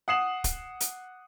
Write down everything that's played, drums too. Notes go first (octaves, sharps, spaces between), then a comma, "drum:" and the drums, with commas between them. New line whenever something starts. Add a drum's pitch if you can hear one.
F#5 D#6 C7 E7 F#7
drum: kick, hi-hat
drum: hi-hat